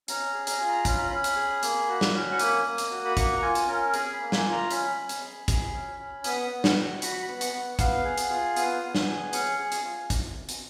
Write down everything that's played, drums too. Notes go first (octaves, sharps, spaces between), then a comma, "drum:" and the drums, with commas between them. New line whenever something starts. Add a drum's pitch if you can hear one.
C#4 A#5, drum: hi-hat
G#4
A#5, drum: hi-hat
F4 G#5
A#5
C#4 B5, drum: kick, hi-hat
A#5
C#4 B5
drum: hi-hat
G#4
A#3, drum: hi-hat
F#4
drum: snare
C#4
C#6
A#3 D#6, drum: hi-hat
A#3
drum: hi-hat
F#4
B5
A#3 C#6, drum: kick, hi-hat
A#5
F4 G#5
drum: hi-hat
C#4 A#4
G#4 G#5, drum: hi-hat
B5
A#3
G#5, drum: snare
F4
A#5
C#4 B5, drum: hi-hat
C#4
drum: hi-hat
G#4
G#4, drum: kick, hi-hat
C#4
C#4
B3 D#6, drum: hi-hat
B3
C#6, drum: snare
F#4
F#4 B5, drum: hi-hat
C#6
B3 B5
C#6, drum: hi-hat
B3
B3 F5, drum: kick, hi-hat
G#4
drum: hi-hat
F4
B3 D#6, drum: hi-hat
B3
drum: snare
G#4
C#4 C#6, drum: hi-hat
G#4
G#5, drum: hi-hat
F4
drum: kick, hi-hat
drum: hi-hat